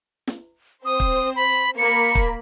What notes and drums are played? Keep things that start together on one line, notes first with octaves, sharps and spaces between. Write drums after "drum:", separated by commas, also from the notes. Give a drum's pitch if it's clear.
drum: snare
C4 C5 D#6
drum: kick
B5
A#3 B5 C#7
drum: kick